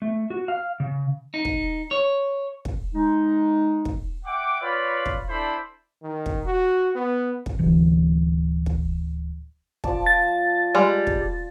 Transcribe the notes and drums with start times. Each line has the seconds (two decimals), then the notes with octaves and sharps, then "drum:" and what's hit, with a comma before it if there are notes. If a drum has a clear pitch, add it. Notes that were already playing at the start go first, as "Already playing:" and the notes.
0.02 A3
0.30 F#4
0.48 F5
0.80 C#3
1.34 D#4
1.45 drum: kick
1.91 C#5
2.65 drum: kick
2.94 G#3 D#4
3.85 drum: kick
4.26 E5 F#5 G5 D6
4.61 F4 B4 C#5 D5 F5 B5
5.06 drum: kick
5.29 D4 E4 A4 C5 D5 B5
6.03 D#3
6.26 drum: kick
6.46 F#4
6.95 B3
7.46 drum: kick
7.59 D1 E3
8.66 drum: kick
9.84 F3 D5 A5, drum: kick
10.06 A6
10.75 G3 G#3
11.07 drum: kick